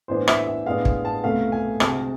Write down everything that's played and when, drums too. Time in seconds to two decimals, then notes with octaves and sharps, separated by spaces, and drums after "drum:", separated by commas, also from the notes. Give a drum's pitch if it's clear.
0.08 A2 E3 B3 D4 C5
0.28 E5, drum: rim click
0.47 E5
0.66 A2 G#3 B3 D4 F5
0.85 drum: kick
1.05 A5
1.24 C2 B2 A3 F5
1.52 G#5
1.80 D2 C3 G#3 A5, drum: rim click